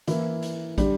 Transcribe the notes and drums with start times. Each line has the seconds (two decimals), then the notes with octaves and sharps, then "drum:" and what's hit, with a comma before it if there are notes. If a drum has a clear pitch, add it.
0.08 E3 A#3 E4, drum: hi-hat
0.43 drum: hi-hat
0.78 D3 G3, drum: kick, hi-hat